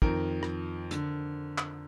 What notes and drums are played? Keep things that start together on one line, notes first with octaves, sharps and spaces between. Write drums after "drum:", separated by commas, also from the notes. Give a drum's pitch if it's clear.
F2 D#3 A#4, drum: kick
drum: rim click
D3, drum: hi-hat
drum: clap